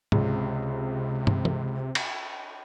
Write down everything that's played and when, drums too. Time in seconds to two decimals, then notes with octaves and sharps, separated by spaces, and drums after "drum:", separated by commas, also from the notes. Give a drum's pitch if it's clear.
0.12 C#2 C3, drum: tom G#2
1.27 drum: tom
1.45 drum: tom
1.95 drum: cymbal